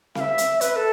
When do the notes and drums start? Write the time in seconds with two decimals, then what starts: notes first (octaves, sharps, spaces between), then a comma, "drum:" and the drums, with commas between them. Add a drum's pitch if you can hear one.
0.15 F5, drum: snare C4
0.20 E5
0.38 drum: hi-hat
0.61 B4, drum: hi-hat
0.76 A4